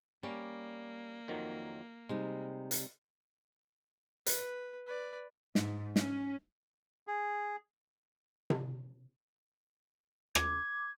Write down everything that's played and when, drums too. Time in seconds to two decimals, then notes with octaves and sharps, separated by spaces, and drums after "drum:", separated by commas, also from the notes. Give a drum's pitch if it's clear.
0.23 G3 A#3 C#4 D5
1.28 F2 D#3 F#3
2.09 C3 G3 G#3 D#4
2.71 drum: hi-hat
4.26 B4, drum: hi-hat
4.87 B4 D5
5.55 G#2, drum: snare
5.96 C#4, drum: snare
7.07 G#4
8.50 drum: tom C3
10.35 D6 G#6, drum: rim click